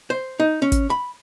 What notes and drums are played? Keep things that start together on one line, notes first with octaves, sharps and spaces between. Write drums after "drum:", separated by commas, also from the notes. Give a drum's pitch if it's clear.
C5
D#4
C#4
drum: kick, hi-hat
B5